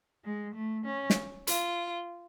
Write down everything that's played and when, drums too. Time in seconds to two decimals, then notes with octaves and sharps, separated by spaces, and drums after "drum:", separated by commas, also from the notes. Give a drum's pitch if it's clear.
0.25 G#3
0.54 A3
0.85 C#4
1.10 drum: snare
1.47 F4, drum: hi-hat